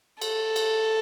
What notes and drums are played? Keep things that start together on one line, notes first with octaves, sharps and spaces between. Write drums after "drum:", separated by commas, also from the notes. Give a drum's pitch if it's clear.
A4, drum: cymbal
drum: cymbal